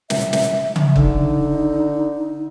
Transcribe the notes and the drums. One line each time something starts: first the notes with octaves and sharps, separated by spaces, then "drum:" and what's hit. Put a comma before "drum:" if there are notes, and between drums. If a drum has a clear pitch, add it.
E5, drum: snare
drum: snare
drum: tom C#3
D3 D#4, drum: kick